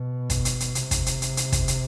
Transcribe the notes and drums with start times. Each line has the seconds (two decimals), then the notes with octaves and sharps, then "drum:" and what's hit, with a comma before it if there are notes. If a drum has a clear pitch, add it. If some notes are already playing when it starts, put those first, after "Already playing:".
Already playing: B2
0.30 drum: kick, hi-hat
0.45 drum: hi-hat
0.60 drum: hi-hat
0.75 C3, drum: hi-hat
0.91 drum: kick, hi-hat
1.06 drum: hi-hat
1.22 drum: hi-hat
1.37 drum: hi-hat
1.52 drum: kick, hi-hat
1.68 drum: hi-hat